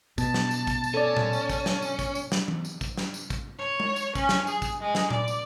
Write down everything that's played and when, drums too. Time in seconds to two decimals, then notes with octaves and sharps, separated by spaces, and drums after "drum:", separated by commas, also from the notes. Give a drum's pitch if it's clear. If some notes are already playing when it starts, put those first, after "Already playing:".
0.18 B2 A5, drum: kick, tambourine
0.34 drum: snare
0.51 drum: tambourine
0.67 drum: kick, tambourine
0.84 drum: tambourine
0.94 C#4 A4 D5
1.17 drum: tom A#2
1.33 drum: tambourine
1.49 drum: kick, tambourine
1.66 drum: snare
1.82 drum: tambourine
1.99 drum: kick, tambourine
2.15 drum: tambourine
2.32 drum: snare
2.48 drum: tom E3
2.65 drum: tambourine
2.81 drum: kick, tambourine
2.97 drum: snare
3.14 drum: tambourine
3.30 drum: kick, tambourine
3.58 C#5
3.80 drum: tom G#3
3.96 drum: tambourine
4.15 C#4, drum: kick, tambourine
4.29 drum: snare
4.47 G#4, drum: tambourine
4.62 drum: kick, tambourine
4.80 G#3
4.95 drum: snare
5.10 D5, drum: tom A#2
5.28 drum: tambourine